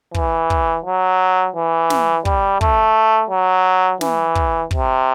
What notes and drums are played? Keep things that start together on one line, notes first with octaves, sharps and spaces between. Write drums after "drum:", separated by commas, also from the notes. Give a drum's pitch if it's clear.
E3, drum: kick
drum: kick
F#3
E3
drum: snare
G3, drum: kick
A3, drum: kick
F#3
E3, drum: snare
drum: kick
C3, drum: kick